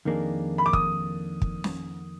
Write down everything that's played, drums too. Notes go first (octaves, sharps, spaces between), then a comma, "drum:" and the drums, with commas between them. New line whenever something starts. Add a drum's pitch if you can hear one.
F2 D#3 A#3 D4 G#4
B5
D6
D#6, drum: kick
drum: kick
drum: snare